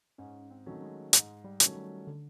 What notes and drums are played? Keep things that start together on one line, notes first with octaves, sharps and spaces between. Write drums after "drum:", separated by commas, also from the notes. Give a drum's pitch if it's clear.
G#2 C#4
C4
D#3 F#3 A3 C#4
G#3
G#2 G#3, drum: hi-hat
G3
D#3 F#3 A3 C#4, drum: hi-hat
G3
D3